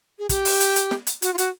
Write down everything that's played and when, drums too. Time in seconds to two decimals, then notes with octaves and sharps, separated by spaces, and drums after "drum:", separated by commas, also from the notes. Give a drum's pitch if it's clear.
0.19 G#4
0.29 G4, drum: kick, hi-hat
0.45 drum: open hi-hat
0.60 drum: hi-hat
0.76 drum: hi-hat
0.91 drum: snare
1.07 drum: hi-hat
1.22 F#4, drum: hi-hat
1.34 F4
1.38 F#4, drum: hi-hat